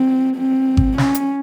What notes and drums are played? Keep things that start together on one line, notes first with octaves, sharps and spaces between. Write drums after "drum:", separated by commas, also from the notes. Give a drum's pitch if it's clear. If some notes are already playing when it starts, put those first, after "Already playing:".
Already playing: C4
C4
drum: kick G#1
C#4, drum: snare
drum: hi-hat